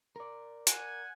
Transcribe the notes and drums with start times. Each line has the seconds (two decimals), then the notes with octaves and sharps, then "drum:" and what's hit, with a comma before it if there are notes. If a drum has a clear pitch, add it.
0.16 A#4 D5
0.67 F#5 G#5, drum: hi-hat